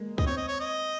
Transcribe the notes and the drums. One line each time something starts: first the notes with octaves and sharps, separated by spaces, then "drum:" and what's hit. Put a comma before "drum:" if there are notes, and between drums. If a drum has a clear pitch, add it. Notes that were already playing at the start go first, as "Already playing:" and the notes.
Already playing: G#3 A#3
D#5, drum: kick C2
C4 C#5
D#5
C#5
D#5